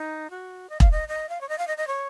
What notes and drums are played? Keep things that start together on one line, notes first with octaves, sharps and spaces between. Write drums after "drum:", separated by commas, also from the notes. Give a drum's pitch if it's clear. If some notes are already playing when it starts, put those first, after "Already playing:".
Already playing: D#4
F#4
D#5
F5, drum: kick E1
D#5
D#5
F5
C#5
D#5
F5
D#5
D#5
C#5